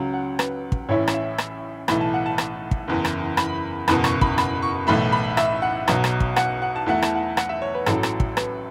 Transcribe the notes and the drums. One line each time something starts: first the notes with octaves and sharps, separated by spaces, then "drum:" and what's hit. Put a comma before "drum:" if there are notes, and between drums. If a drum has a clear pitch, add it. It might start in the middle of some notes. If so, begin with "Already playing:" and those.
Already playing: C#2 C#3 F#3
F#5
B4, drum: rim click
drum: kick
A1 A2 E3 C#4 E4 C#5
C#5, drum: rim click
E5
drum: rim click
B1 A2 E3 A3 B5, drum: rim click
A5
F#5
A5
drum: rim click
drum: kick
F#1 E2 E3
drum: rim click
B5, drum: rim click
F#1 E2 B2 B5, drum: rim click
C#6, drum: rim click
B5, drum: kick
B5, drum: rim click
C#6
B1 A2 E3 A3 B5
B5
E5, drum: rim click
F#5
B1 B2 F#3, drum: rim click
drum: rim click
drum: kick
F#5, drum: rim click
F#5
A5
E2 E3 A3 E4 F#5
A5, drum: rim click
F#5
F#5, drum: rim click
E5
C#5
B4
A1 A2 F#3 A4, drum: rim click
drum: rim click
drum: kick
B4, drum: rim click